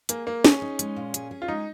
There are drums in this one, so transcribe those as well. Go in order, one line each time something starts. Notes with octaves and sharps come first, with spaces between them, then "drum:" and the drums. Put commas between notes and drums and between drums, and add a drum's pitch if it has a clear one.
A#3 G#4, drum: hi-hat
A#3 G#4
C#4 G#4, drum: snare
D#4
G#3, drum: hi-hat
A#2
G#4, drum: hi-hat
G#4
F4
G#3 D#4